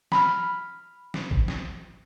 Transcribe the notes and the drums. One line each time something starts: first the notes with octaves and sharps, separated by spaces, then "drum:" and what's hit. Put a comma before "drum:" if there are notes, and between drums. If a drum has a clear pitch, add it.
B5 F6, drum: snare
drum: snare
drum: kick A1
drum: snare